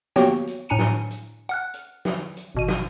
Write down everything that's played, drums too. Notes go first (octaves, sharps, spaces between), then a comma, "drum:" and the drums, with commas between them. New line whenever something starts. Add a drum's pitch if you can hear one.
A#3 B3 F#4 G4 C#5 G5, drum: snare
drum: hi-hat
A2 D4 G#5 A#5 C#7 D#7
drum: snare
drum: hi-hat
F#5 F6 F#6
drum: hi-hat
drum: snare
drum: hi-hat
G#1 B2 D#7
drum: snare